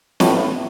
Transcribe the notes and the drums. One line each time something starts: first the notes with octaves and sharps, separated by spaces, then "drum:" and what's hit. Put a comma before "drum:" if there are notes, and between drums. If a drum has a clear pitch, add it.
A1 A2 F3, drum: snare